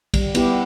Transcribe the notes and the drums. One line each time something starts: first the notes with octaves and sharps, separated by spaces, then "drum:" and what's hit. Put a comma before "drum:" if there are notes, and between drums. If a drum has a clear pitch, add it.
G3, drum: kick, cymbal
B3 E4 G4, drum: cymbal